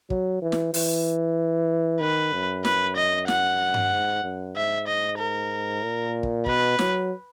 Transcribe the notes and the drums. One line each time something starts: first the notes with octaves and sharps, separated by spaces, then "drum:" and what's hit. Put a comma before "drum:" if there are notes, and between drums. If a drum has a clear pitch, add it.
F#3, drum: kick
E3
drum: snare
E3, drum: open hi-hat
D#3 B4
F#2
B4, drum: snare
D#5
F#5, drum: snare
drum: tom G2
G#2
F#2
G#2 E5
D#5
A#4
A#2
drum: kick
B2 B4, drum: kick
F#3, drum: snare